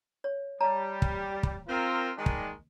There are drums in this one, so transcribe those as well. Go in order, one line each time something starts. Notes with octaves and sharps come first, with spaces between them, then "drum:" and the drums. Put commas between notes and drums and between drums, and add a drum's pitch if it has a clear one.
C#5
G3 C#5 A5 A#5
drum: kick
drum: kick
C4 F4 A#4
D#3 G#3 D4
drum: kick